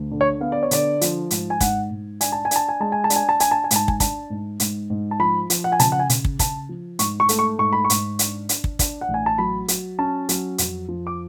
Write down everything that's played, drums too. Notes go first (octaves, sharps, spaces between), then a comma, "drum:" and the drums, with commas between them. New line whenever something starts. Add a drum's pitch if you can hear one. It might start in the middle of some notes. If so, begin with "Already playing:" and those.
Already playing: D2
D3
C#5
B3 F5
D5
C#5
D3 D5, drum: hi-hat
F3, drum: hi-hat
G#2, drum: hi-hat
G#5
G#2 F#5, drum: kick, hi-hat
G#2
D4 G#5, drum: hi-hat
A5
G#5
D4 A5, drum: hi-hat
G#5
G#3 A5
G#5
A5
D4, drum: hi-hat
G#5
A5
D4 G#5, drum: hi-hat
A5
G#5
G#2, drum: hi-hat
A5
G#5, drum: kick
D4 A5, drum: kick, hi-hat
G#2
G#2, drum: hi-hat
G#2
A5
F3 B5
F3, drum: hi-hat
F#5
G#5
C#3 A5, drum: hi-hat
F#5
G#5
C#3, drum: hi-hat
drum: kick
C#3 A5, drum: kick, hi-hat
F3
G#2 C#6, drum: hi-hat
C#6
A3, drum: hi-hat
C#6
G#2 C#6
B5
C#6
G#2, drum: hi-hat
D4, drum: hi-hat
D4, drum: hi-hat
drum: kick
D4, drum: kick, hi-hat
F#5
A1
G#5
A5
F#3 B5
F#3, drum: hi-hat
C#4 A5
F#3, drum: hi-hat
F2, drum: hi-hat
F3
D6